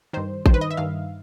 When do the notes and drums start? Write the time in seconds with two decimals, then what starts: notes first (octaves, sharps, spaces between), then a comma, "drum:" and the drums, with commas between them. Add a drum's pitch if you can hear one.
0.13 G2 D#3 C5
0.46 G2 D#3 C5, drum: kick A1
0.54 B4
0.61 D#5
0.71 E5
0.77 G2 D#3 F5